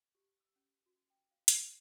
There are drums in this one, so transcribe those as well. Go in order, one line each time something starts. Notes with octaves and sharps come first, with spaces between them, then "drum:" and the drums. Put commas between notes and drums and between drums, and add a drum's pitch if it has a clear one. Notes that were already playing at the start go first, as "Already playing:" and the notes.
G4
E6
C#4
F#4
G5
F5
E5, drum: hi-hat
B5